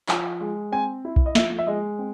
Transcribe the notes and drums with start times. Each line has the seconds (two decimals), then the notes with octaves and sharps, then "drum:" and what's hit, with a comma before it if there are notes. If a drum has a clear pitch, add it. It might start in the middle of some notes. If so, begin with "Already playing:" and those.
0.09 F3, drum: clap
0.41 G#3
0.72 C4 G#5
1.05 E4
1.16 drum: kick B1
1.26 D#5
1.35 F3 E5, drum: snare
1.59 E5
1.67 G#3 D#5
1.99 C4